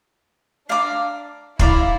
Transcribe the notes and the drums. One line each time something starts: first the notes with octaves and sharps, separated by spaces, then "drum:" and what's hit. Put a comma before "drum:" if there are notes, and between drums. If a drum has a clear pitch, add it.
D4 D5 F5 A#5 D6
E4 D5 F5 A#5 D6, drum: kick